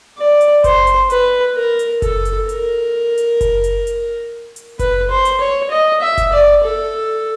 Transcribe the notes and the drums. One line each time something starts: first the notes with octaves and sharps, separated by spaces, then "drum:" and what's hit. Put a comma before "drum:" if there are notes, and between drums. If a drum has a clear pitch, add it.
D5
drum: hi-hat
C5, drum: kick F#1, hi-hat
drum: hi-hat
B4, drum: hi-hat
A#4
drum: hi-hat
A4, drum: kick F#1, hi-hat
drum: hi-hat
A#4, drum: hi-hat
drum: hi-hat
drum: kick F#1, hi-hat
drum: hi-hat
drum: hi-hat
drum: hi-hat
B4, drum: kick F#1, hi-hat
C5
drum: hi-hat
C#5
D#5
E5
drum: kick F#1, hi-hat
D5
A4